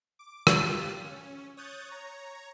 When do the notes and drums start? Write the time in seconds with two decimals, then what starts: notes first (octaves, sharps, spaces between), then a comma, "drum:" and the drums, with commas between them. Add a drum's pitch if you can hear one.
0.19 D6
0.47 drum: rim click
0.57 F4 G4 F#6 A6 B6
1.03 C#4
1.57 C#5 D#6 F#6 G6 A6
1.88 C#5 A#5